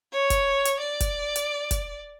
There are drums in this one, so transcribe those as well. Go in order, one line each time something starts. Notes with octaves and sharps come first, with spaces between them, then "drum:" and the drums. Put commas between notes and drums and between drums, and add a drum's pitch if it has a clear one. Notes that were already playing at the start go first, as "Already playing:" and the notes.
C#5
drum: kick, hi-hat
drum: hi-hat
D5
drum: kick, hi-hat
drum: hi-hat
drum: kick, hi-hat